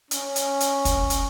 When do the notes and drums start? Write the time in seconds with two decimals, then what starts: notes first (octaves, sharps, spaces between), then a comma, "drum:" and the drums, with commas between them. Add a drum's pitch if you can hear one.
0.11 C#4, drum: hi-hat
0.36 drum: hi-hat
0.60 drum: hi-hat
0.85 drum: kick, hi-hat
1.10 drum: hi-hat